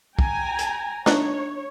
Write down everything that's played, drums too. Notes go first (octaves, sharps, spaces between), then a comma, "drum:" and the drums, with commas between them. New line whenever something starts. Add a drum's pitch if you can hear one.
G5 G#5 A#5, drum: kick
drum: hi-hat
D4 D#4 C#5, drum: snare